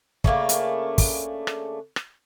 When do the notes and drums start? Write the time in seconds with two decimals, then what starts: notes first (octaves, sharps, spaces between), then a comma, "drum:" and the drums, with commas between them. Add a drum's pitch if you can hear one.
0.24 C#3 A3 A#3 D4, drum: kick
0.49 drum: hi-hat
0.98 drum: kick, open hi-hat
1.47 drum: rim click
1.96 drum: rim click